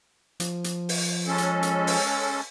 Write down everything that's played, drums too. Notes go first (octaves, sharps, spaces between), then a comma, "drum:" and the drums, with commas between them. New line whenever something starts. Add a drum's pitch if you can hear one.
F3, drum: hi-hat
drum: hi-hat
drum: open hi-hat
G#3 C#4 A4
drum: hi-hat
drum: hi-hat
drum: open hi-hat